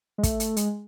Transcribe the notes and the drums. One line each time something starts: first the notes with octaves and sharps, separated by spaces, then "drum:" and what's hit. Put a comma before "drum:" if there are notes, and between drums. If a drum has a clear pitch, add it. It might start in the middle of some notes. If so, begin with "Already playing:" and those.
G#3
A3, drum: kick, hi-hat
drum: hi-hat
G#3, drum: hi-hat